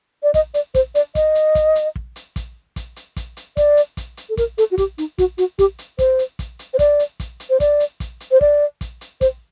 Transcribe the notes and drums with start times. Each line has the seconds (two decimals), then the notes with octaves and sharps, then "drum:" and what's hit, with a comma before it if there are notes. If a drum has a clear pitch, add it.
0.23 D5
0.34 D#5, drum: kick, hi-hat
0.54 D5, drum: hi-hat
0.75 C5, drum: kick, hi-hat
0.95 D5, drum: hi-hat
1.15 D#5, drum: kick, hi-hat
1.35 drum: hi-hat
1.55 drum: kick, hi-hat
1.75 drum: hi-hat
1.96 drum: kick
2.16 drum: hi-hat
2.36 drum: kick, hi-hat
2.76 drum: kick, hi-hat
2.96 drum: hi-hat
3.17 drum: kick, hi-hat
3.37 drum: hi-hat
3.57 D5, drum: kick, hi-hat
3.77 drum: hi-hat
3.97 drum: kick, hi-hat
4.17 drum: hi-hat
4.30 A4
4.37 A#4, drum: kick, hi-hat
4.58 A4, drum: hi-hat
4.71 F#4
4.78 G4, drum: kick, hi-hat
4.98 D#4, drum: hi-hat
5.18 F#4, drum: kick, hi-hat
5.38 F#4, drum: hi-hat
5.59 G4, drum: kick, hi-hat
5.79 drum: hi-hat
5.99 C5, drum: kick, hi-hat
6.19 drum: hi-hat
6.39 drum: kick, hi-hat
6.59 drum: hi-hat
6.74 C5
6.79 D5, drum: kick, hi-hat
6.99 drum: hi-hat
7.20 drum: kick, hi-hat
7.40 drum: hi-hat
7.50 C5
7.60 D5, drum: kick, hi-hat
7.80 drum: hi-hat
8.00 drum: kick, hi-hat
8.20 drum: hi-hat
8.31 C5
8.41 D5, drum: kick
8.81 drum: kick, hi-hat
9.01 drum: hi-hat
9.21 C5, drum: kick, hi-hat